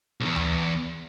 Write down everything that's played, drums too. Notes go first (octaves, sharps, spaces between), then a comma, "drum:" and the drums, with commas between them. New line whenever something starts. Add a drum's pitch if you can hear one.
B1 E2
drum: tom D2